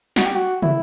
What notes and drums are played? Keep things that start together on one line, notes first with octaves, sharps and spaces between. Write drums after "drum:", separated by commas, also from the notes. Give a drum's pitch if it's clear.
F#4, drum: snare
G4
F#4
E4, drum: tom